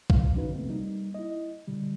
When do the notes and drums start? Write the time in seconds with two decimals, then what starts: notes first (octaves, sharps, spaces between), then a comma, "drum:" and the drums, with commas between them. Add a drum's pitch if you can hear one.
0.10 F5, drum: kick B1
0.34 D3 F3 C#4 D#4 F#4 B4
0.54 C3 A3 A#3 C4
0.69 G3 A#3 D#4
1.14 E4 D#5
1.68 B2 D3 G3